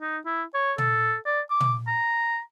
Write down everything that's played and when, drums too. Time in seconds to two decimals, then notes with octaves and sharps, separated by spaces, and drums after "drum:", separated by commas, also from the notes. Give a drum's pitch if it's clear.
0.01 D#4
0.26 E4
0.54 C#5
0.78 A4, drum: tom
1.26 D5
1.50 D6
1.60 drum: tom
1.87 A#5